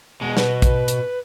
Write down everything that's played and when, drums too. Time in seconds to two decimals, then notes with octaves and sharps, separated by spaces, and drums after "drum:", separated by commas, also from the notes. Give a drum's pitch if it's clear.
0.21 B2 G#3
0.37 B2 B4, drum: snare
0.62 drum: kick A#1, hi-hat
0.88 drum: hi-hat